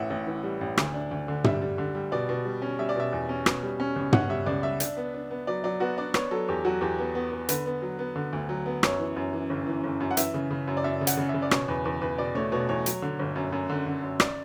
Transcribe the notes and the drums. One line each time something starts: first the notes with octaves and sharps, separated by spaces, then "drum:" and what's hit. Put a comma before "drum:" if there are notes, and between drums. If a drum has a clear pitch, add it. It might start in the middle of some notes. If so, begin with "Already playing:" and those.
Already playing: A1 A2 E3 E5 F#5
A1
E3
G3
A1
D2, drum: rim click
D4
D2
D3
G3 E5, drum: tom
G3
D3
G3
B2 D5
B2
G3
C#4
G3 E5
D5
B2 E5
E2
C#4
B2, drum: rim click
G3
C#4
C#2
C#4 F#5, drum: tom
G3 E5
C#2 D5
G3 E5
D4, drum: hi-hat
B3
D4
B3
F#3 D5
F#3 D5
B3 F#4
D4 D5
B3 C#5, drum: rim click
F#3 A4
E2 G4
F#3 F#4
E2 G4
B3
B3
B3
D3 B4, drum: hi-hat
B3
F#3
B3
D3
D2
F#3
B3
F#2 C#5, drum: rim click
E3
F#2
E3
G1
E3
G1
F#2
F#5
E3 E5, drum: hi-hat
C#3
C#3
F#2
D5
F#2 E5
C#3
F#5, drum: hi-hat
C#3
C#3 E5
D5
B2 C#5, drum: rim click
E2 B4
E2 B4
E2 B4
B2 D5
A3 C#5
B2 C#5
E2 C#5
F#3, drum: hi-hat
D3
G1
F#2
F#2
D3
D3
F#2
D5, drum: rim click